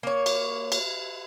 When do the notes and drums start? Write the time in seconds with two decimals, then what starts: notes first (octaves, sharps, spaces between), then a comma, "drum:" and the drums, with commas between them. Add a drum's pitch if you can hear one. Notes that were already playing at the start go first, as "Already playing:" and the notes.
0.03 A#3 C#5
0.26 drum: cymbal
0.72 drum: cymbal